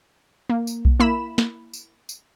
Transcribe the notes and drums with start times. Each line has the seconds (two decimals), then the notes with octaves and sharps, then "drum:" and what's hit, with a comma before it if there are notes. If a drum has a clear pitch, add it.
0.49 A#3
0.67 drum: tambourine
0.85 drum: kick B1
1.00 A#3 E4 B5 E7
1.38 drum: snare
1.73 drum: tambourine
2.09 drum: tambourine